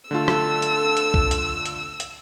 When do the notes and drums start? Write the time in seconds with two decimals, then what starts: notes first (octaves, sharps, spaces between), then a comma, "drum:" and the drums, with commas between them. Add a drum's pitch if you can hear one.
0.11 D3 A3 F4 A4 E6
0.28 drum: rim click
0.62 drum: hi-hat
0.97 drum: hi-hat
1.14 drum: kick
1.31 drum: hi-hat
1.66 drum: hi-hat
2.00 drum: hi-hat